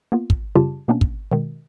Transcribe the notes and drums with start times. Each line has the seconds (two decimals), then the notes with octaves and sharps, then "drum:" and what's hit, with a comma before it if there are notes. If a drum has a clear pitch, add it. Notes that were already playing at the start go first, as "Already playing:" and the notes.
0.12 A#3 B3 F4
0.30 drum: kick
0.55 F#2 C#3 G3 F4 G4 A5
0.88 B2 A#3 B3 C#4 D4
1.01 drum: kick
1.32 B2 D#3 G#3